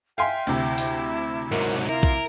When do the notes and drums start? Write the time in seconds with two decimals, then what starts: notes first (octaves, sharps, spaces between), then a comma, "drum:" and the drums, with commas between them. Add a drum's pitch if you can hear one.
0.18 E5 F5 G5 G#5 C6
0.47 D2 C3 E4
0.78 drum: open hi-hat
1.51 G#2 F#3 A#4
1.89 E4 F4 A#4
2.03 drum: kick A#1